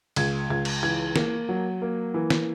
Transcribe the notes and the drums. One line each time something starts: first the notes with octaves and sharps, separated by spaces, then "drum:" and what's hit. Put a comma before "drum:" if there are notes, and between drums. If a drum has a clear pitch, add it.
C#2 G#6, drum: cymbal
C#2 G#6
drum: cymbal
E3 G#6
A#3, drum: snare
F#3
A#3
E3
drum: snare